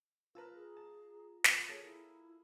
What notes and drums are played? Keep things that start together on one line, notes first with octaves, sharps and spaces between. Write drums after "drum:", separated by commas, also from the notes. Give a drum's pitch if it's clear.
F4 A#4 B4 A5 A#5 E6
G#4
A5
drum: snare
A#3 G#4 A4 C#5
E4